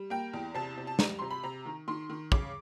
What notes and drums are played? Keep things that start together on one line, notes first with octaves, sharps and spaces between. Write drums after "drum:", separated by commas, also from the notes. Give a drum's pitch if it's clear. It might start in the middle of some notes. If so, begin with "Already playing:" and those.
Already playing: G3
A#3 G5
E2
C3 A5
C3
A5
G3 A#5, drum: snare
C3 C6
B5
C3 A#5
D#3
D#3 C6
D#3
C#3 D6, drum: kick